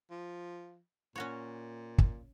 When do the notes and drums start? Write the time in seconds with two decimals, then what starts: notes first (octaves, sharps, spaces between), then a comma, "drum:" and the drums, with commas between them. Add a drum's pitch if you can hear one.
0.11 F3
1.16 A#2 C#4 F#4 C#5
1.98 drum: kick